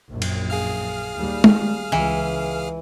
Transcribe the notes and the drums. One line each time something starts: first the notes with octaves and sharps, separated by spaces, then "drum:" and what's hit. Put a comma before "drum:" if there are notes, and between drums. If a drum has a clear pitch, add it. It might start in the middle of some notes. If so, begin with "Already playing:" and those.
A#1 F#2
drum: cymbal
G#4 F5 F6
D#2 G3
drum: tom G#3
C#2 E3